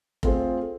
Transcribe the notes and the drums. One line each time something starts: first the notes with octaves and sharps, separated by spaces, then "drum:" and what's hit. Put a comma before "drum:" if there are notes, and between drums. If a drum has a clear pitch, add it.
A3 C4 F4 G#4 C5, drum: kick F1